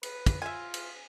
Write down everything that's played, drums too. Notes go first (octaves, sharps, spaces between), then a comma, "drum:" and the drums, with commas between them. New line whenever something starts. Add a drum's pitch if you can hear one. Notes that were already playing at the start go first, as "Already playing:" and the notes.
B4, drum: cymbal
drum: kick, cymbal
F4 E5 G#5
drum: cymbal